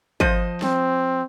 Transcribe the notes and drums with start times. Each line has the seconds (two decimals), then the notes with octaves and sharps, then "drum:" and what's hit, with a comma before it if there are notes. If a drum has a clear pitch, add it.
0.20 F3 C5 D#5, drum: kick
0.62 C4, drum: snare